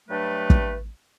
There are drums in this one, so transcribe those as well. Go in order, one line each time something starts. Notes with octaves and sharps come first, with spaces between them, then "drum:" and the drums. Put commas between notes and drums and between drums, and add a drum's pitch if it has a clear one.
G2 F#3 A3 D4 B4
drum: kick